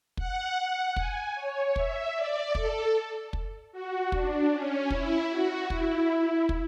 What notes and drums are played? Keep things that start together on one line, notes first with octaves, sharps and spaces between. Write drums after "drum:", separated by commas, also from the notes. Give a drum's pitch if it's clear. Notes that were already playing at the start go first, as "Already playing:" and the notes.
F#5, drum: kick
F#5
G#5, drum: kick
C#5
E5, drum: kick
D5
A4, drum: kick
drum: kick
F#4
D4, drum: kick
C#4
E4, drum: kick
F#4
E4, drum: kick
drum: kick